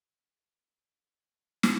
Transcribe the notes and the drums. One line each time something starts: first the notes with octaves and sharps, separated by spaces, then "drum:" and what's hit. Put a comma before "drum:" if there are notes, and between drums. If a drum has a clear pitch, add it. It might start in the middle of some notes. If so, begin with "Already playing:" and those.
B1
B2 A3
drum: snare